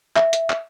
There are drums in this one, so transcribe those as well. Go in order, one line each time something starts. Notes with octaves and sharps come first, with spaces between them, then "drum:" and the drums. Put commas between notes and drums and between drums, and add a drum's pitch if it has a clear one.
E5, drum: clap
drum: hi-hat
drum: clap